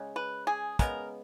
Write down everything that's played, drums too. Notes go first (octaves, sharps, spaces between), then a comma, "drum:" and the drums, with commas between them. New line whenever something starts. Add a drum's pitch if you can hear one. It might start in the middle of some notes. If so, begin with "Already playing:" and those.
Already playing: C#3 G#3
B4
G#4
C#3 G#3 B3 A#4, drum: kick, hi-hat